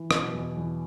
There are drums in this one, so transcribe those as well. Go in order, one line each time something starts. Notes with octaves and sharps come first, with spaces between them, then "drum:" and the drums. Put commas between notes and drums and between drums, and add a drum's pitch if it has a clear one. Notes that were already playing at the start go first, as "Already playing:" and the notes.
Already playing: E3
B2, drum: rim click
E2
E2